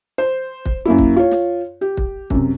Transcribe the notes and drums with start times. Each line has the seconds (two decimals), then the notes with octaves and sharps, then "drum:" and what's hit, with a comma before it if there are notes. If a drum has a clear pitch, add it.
0.18 C5
0.65 drum: kick
0.85 F#2 A#3 E4
0.98 drum: kick
1.16 F4 C#5
1.31 drum: snare
1.81 G4
1.97 drum: kick
2.30 F#2 C3, drum: kick